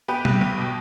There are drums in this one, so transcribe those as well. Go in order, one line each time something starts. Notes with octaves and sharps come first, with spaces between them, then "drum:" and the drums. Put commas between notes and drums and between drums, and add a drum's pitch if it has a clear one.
B3 G4 B4
B1, drum: tom
B1
B2